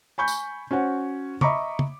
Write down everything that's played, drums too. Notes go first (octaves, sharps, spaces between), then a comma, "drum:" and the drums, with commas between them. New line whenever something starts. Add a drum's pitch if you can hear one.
G#5 B5 C#6 G6
drum: tambourine
C#4 F#4 C5 F#5
D#5 E5 A#5 B5 C#6 D6, drum: tom
drum: tom